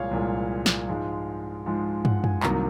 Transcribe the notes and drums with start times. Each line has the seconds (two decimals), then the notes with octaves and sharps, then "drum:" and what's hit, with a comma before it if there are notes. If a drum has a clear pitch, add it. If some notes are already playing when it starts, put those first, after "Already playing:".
Already playing: C2 A#2 F3 G#3 C#5 F5
0.11 C2 A#2 F3 G#3
0.66 drum: snare
0.88 G#2 F3 G#3
1.66 G#2 F3 G#3
2.05 F#5, drum: tom
2.24 G#5, drum: tom F#2
2.43 C2 C3 D#3 F#3 A#3 A#5, drum: clap